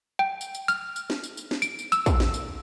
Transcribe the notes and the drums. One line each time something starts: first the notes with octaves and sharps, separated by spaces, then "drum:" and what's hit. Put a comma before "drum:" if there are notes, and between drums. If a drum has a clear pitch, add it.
G5
drum: tambourine
drum: tambourine
F6, drum: tambourine
drum: tambourine
drum: snare
drum: tambourine
drum: tambourine
drum: snare
D7, drum: tambourine
drum: tambourine
E6, drum: tambourine
drum: kick, tambourine
drum: snare
drum: tambourine